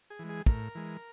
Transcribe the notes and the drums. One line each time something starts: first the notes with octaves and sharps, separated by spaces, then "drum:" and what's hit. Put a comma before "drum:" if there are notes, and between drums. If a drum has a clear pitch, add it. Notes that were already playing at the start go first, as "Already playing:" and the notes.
G#4
E3 G#3
G#4
A2 A#4, drum: kick
E3 G#3